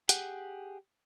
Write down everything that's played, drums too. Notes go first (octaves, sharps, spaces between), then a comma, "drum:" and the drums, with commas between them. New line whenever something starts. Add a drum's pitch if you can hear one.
G4 G#4 F#5, drum: hi-hat